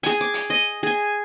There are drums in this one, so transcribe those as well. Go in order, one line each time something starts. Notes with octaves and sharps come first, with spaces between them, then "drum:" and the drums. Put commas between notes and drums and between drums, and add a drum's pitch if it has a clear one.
G#4 G#5, drum: hi-hat
D6
drum: hi-hat
D#5
G#4 G#5